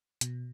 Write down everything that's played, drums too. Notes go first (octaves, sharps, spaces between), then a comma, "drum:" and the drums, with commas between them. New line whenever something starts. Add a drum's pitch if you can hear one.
B2, drum: hi-hat